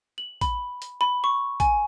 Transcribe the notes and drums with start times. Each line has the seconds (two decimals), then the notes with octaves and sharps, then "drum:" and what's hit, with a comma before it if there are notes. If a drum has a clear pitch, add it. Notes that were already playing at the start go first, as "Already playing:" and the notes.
0.18 F#7
0.41 B5, drum: kick, hi-hat
0.82 drum: hi-hat
1.01 B5
1.24 C#6
1.60 G#5, drum: kick, hi-hat